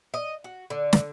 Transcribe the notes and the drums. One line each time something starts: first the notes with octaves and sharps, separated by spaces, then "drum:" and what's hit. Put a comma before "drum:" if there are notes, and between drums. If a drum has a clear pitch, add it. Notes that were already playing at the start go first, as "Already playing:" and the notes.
D#5
F#4
D3
drum: snare